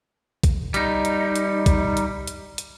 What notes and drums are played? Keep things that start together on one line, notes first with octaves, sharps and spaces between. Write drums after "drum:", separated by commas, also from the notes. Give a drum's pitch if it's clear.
drum: kick A#1, hi-hat
G3 D#4, drum: hi-hat
drum: hi-hat
drum: hi-hat
drum: kick A#1, hi-hat
drum: hi-hat
drum: hi-hat
drum: hi-hat